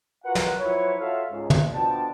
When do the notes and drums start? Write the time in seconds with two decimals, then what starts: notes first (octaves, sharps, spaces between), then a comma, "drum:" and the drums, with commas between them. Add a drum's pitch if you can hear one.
0.24 F4 F#4 A#4 B4 F#5
0.35 drum: snare
0.59 F3 F#3 E4 F4 B4 C#5
0.99 F4 F#4 A4 C#5 E5 F5
1.30 C#2 G#2
1.50 drum: tom
1.72 B2 D3 F3 D4 G5 A5